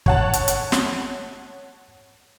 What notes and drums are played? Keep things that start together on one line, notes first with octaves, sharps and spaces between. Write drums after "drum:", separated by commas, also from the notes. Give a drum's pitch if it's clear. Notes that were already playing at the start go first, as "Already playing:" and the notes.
C#5 F#5 A5, drum: kick
drum: hi-hat
drum: hi-hat
drum: snare